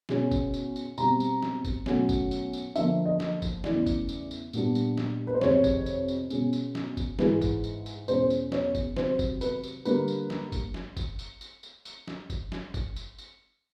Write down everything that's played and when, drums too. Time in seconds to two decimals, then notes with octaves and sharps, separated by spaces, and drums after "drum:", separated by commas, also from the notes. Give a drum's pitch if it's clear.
0.09 B2 G#3 C#4, drum: snare
0.31 drum: kick F#1, tambourine
0.54 drum: tambourine
0.76 drum: tambourine
0.98 B2 G3 C4 D#4 A#5, drum: tambourine
1.20 drum: tambourine
1.42 drum: snare
1.65 drum: kick F#1, tambourine
1.86 B2 F#3 A3 C#4, drum: snare
2.09 drum: kick F#1, tambourine
2.31 drum: tambourine
2.53 drum: tambourine
2.75 D3 F3 A#3 E5, drum: tambourine
3.05 D#5
3.20 drum: snare
3.42 drum: kick F#1, tambourine
3.64 E2 C#3 E3 A3 D5, drum: snare
3.86 drum: kick F#1, tambourine
4.09 drum: tambourine
4.31 drum: tambourine
4.53 A#2 G3 B3 D4, drum: tambourine
4.75 drum: tambourine
4.97 drum: snare
5.27 B4
5.34 C5
5.41 F2 C3 D#3 G#3 C4 C#5, drum: snare
5.64 drum: kick F#1, tambourine
5.86 drum: tambourine
6.08 drum: tambourine
6.30 B2 G#3 C#4, drum: tambourine
6.53 drum: tambourine
6.75 drum: snare
6.97 drum: kick F#1, tambourine
7.19 G#2 E3 G#3 B4, drum: snare
7.41 drum: kick F#1, tambourine
7.64 drum: tambourine
7.86 drum: tambourine
8.08 E2 B2 G#3 C#4 C5, drum: tambourine
8.30 drum: tambourine
8.52 C#5, drum: snare
8.75 drum: kick F#1, tambourine
8.97 C3 D#3 F#3 C5, drum: snare
9.19 drum: kick F#1, tambourine
9.41 B4, drum: tambourine
9.63 drum: tambourine
9.85 D3 G3 A#3 B4, drum: tambourine
10.08 drum: tambourine
10.30 drum: snare
10.52 drum: kick F#1, tambourine
10.74 drum: snare
10.97 drum: kick F#1, tambourine
11.19 drum: tambourine
11.41 drum: tambourine
11.63 drum: tambourine
11.85 drum: tambourine
12.07 drum: snare
12.30 drum: kick F#1, tambourine
12.52 drum: snare
12.74 drum: kick F#1, tambourine
12.96 drum: tambourine
13.18 drum: tambourine